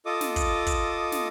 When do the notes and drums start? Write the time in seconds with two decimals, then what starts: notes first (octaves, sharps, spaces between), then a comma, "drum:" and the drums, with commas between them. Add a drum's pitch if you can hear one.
0.06 F4 A4 D#5 D6 D#6
0.21 drum: snare
0.36 drum: kick, hi-hat
0.66 drum: kick, hi-hat
1.12 drum: snare